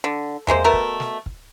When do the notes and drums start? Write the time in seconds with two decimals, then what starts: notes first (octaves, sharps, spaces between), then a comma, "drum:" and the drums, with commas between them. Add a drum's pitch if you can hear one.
0.04 D3
0.47 C3 G#3 A#3 C5, drum: tom E2
0.64 B2 A3 A#4
0.73 drum: kick
1.00 drum: snare
1.26 drum: kick